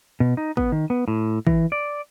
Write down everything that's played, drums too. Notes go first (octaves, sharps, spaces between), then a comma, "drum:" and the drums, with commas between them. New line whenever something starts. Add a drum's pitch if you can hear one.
B2
D#4
B3, drum: kick
D#3
B3
A2
E3, drum: kick
D5